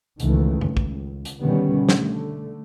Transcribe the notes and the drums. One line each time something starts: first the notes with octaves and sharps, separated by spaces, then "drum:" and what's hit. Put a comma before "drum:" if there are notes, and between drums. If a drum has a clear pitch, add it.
C#2 D#3 E3 A3, drum: hi-hat
C#2, drum: tom F#2
drum: kick
drum: hi-hat
B2 D3 D#3 G3 B3 C#4
D3 A3, drum: snare